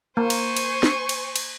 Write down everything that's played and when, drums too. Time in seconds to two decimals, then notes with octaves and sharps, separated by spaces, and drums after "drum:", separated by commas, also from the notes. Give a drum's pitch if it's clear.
0.17 A#3 C5 G#5 C#6
0.30 drum: cymbal
0.57 drum: cymbal
0.83 drum: snare
1.09 drum: cymbal
1.36 drum: cymbal